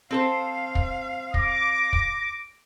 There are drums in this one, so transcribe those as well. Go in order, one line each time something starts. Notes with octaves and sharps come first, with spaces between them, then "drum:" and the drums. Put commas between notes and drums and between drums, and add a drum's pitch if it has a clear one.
C4 A4 C5 F5
drum: kick
D6 A#6, drum: kick
drum: kick